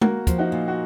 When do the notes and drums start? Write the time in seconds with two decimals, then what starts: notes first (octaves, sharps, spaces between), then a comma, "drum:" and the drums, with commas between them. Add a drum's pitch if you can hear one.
0.01 A#3 F#4 A#4, drum: tom G#3
0.27 F3, drum: kick, hi-hat
0.38 D#4 F#4
0.52 A#2
0.68 F#4